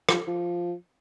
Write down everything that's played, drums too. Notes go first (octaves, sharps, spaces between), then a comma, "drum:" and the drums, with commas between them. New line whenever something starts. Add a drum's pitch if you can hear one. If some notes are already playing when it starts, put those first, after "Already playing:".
F3, drum: rim click
F3